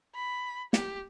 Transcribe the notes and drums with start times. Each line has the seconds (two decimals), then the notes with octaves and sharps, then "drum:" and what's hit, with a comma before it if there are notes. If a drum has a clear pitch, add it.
0.14 B5
0.73 G4, drum: snare